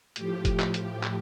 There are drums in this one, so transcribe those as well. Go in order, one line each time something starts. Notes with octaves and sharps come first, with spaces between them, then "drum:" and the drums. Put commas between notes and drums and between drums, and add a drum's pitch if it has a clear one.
A2 F3 G4, drum: hi-hat
drum: kick F1, hi-hat
drum: clap
drum: hi-hat
drum: clap